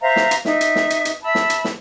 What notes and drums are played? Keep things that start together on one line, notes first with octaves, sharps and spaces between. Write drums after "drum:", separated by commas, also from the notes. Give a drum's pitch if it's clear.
C5 E5 F5 A#5
drum: snare
drum: hi-hat
D#4 E5, drum: snare
drum: hi-hat
drum: snare
drum: hi-hat
drum: hi-hat
E5 A5 B5 E6
drum: snare
drum: hi-hat
drum: snare